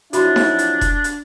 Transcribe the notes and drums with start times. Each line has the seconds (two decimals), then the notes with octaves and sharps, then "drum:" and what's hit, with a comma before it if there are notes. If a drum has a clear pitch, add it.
0.13 F2 F#3 D4 E4 F#4 B5 C6, drum: hi-hat
0.36 drum: snare D#4
0.59 drum: hi-hat
0.81 drum: kick E1, hi-hat
1.04 drum: hi-hat